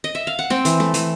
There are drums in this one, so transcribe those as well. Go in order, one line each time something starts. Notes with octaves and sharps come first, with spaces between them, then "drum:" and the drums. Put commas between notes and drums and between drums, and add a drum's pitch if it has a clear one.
D#5
E5
F5
F#5
C4 G5, drum: snare
E3, drum: hi-hat
A3, drum: snare
E3, drum: hi-hat